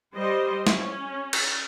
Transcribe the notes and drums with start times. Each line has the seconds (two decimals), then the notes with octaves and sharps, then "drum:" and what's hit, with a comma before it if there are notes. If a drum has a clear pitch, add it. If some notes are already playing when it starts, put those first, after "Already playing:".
0.17 G3 C5 D#5
0.67 C#4, drum: snare
1.33 drum: cymbal